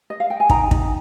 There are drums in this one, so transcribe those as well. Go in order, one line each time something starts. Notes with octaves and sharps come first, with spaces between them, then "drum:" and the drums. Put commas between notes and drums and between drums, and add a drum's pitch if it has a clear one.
D#5
F5
G5
G#5
D#4 G5 A#5, drum: kick
D#4, drum: kick